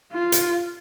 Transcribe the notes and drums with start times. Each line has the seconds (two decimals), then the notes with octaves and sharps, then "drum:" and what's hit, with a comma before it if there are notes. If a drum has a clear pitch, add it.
0.13 F4
0.32 drum: hi-hat